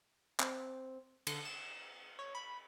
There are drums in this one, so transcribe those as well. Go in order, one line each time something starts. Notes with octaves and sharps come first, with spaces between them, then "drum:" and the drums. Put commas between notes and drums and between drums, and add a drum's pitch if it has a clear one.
C4, drum: clap
D3, drum: cymbal
E7
C#5
B5